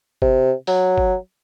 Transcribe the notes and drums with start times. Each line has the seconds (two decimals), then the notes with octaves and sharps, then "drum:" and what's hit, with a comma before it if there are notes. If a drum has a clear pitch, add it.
0.22 C3, drum: kick G1
0.67 F#3, drum: open hi-hat
0.98 drum: kick G1